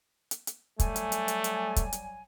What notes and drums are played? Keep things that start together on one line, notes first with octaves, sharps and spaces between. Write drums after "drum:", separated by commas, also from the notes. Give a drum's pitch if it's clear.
drum: hi-hat
drum: hi-hat
F#3 G3 A3 G#5, drum: kick, hi-hat
drum: hi-hat
drum: hi-hat
drum: hi-hat
drum: hi-hat
drum: kick, hi-hat
drum: hi-hat